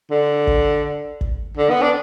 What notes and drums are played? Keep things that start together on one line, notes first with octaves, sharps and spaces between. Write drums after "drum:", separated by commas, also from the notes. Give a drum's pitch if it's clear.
D3
drum: kick
drum: kick
D3
B3
D4